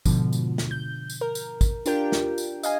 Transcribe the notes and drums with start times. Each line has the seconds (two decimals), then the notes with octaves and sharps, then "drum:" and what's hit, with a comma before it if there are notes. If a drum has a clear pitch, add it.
0.06 G#2 B2 D3 F3, drum: kick, tambourine
0.33 drum: tambourine
0.58 drum: snare
0.71 G6
1.10 drum: tambourine
1.21 A#4
1.35 drum: tambourine
1.61 drum: kick, tambourine
1.86 D4 F4 G4 A#4 G5, drum: tambourine
2.12 drum: snare
2.38 drum: tambourine
2.63 D#5 F5 G#5, drum: tambourine